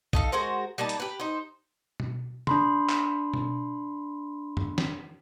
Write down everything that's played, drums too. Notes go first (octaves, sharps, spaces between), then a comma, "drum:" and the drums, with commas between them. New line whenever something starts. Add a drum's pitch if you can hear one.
D#4 A4 F5, drum: kick A#1
G#3 F#4 A#4 C5
G3 A#3 D#4 A5
drum: hi-hat
G4 B4
D#4 C5
drum: tom B2
D4 B5 C6, drum: tom
drum: clap
drum: tom B2
drum: tom F2
drum: snare